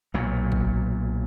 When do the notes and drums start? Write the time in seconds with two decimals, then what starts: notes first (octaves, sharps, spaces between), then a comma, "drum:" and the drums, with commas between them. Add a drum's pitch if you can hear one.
0.14 B1 A#2 F#3
0.52 drum: kick G1